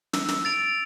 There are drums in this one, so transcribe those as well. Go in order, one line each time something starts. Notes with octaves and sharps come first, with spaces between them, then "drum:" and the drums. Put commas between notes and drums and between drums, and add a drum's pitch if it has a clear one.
E6, drum: snare
drum: snare
A6 D7 F7